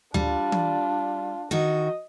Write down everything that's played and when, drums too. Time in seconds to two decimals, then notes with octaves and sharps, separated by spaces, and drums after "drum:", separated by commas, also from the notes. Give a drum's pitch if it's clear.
0.14 G3 D4 F4, drum: tom D2
0.52 drum: tom
1.51 D#3 F#4 D#5